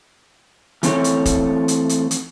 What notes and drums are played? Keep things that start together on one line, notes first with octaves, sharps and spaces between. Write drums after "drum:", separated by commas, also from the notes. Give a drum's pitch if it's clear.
E3 A3 C4 A4 C#5, drum: hi-hat
drum: hi-hat
drum: kick, hi-hat
drum: hi-hat
drum: hi-hat
drum: hi-hat